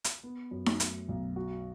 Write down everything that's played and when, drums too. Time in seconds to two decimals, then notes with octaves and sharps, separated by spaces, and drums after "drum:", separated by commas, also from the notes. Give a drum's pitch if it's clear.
0.04 drum: hi-hat
0.24 B3
0.51 F#2
0.66 drum: snare D#4
0.80 A3, drum: hi-hat
1.08 B1
1.36 F#4